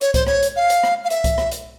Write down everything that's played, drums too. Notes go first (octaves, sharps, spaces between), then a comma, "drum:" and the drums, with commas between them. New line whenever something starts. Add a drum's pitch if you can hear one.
C#5, drum: hi-hat
C5, drum: kick C2, hi-hat
C#5, drum: rim click
drum: hi-hat
F5
drum: hi-hat
drum: rim click
F5
E5, drum: hi-hat
drum: kick C2, hi-hat
drum: rim click
drum: hi-hat